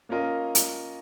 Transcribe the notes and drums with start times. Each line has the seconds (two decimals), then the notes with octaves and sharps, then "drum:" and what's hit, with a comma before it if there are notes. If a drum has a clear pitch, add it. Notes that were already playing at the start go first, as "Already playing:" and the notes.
0.09 A#3 C#4 F4 A#4 D#5
0.55 drum: hi-hat